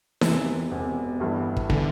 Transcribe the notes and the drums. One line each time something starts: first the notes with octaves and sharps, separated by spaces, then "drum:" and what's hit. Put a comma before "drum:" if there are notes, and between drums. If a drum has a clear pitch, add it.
E1 E2 C3 E3, drum: snare D#4
E1 E2 C3
G1 G2 E3
drum: kick
D3 E3, drum: kick